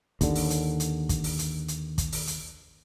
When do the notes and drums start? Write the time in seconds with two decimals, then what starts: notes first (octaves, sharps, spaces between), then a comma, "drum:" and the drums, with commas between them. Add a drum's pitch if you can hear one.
0.21 D#2 D3, drum: kick, hi-hat
0.35 drum: open hi-hat
0.50 drum: hi-hat
0.80 drum: hi-hat
1.09 drum: kick, hi-hat
1.24 drum: open hi-hat
1.39 drum: hi-hat
1.68 drum: hi-hat
1.98 drum: kick, hi-hat
2.13 drum: open hi-hat
2.27 drum: hi-hat